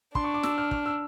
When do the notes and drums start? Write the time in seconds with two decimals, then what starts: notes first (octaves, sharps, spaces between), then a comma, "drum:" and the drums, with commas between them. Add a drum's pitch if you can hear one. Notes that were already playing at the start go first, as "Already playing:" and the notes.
0.15 D4 C6, drum: kick
0.24 C#6
0.34 D6
0.43 E6, drum: snare
0.58 F6
0.71 F6, drum: kick
0.86 E6